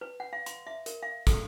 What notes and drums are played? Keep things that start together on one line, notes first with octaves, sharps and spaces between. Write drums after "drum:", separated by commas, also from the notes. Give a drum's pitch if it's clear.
B4
F#5
F5
C6, drum: hi-hat
E5
A#4, drum: hi-hat
F5
A4, drum: kick, hi-hat